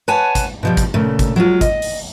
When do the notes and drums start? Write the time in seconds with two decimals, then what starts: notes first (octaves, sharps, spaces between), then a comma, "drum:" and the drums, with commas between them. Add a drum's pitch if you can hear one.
0.08 B4 C#5 F#5 G#5 A5
0.35 drum: kick, hi-hat
0.63 B2 F3 G3
0.77 drum: kick, hi-hat
0.94 A#2 C#3 A3
1.19 drum: kick, hi-hat
1.36 F#3 G#3 F4
1.61 D#5, drum: kick, hi-hat
1.82 drum: open hi-hat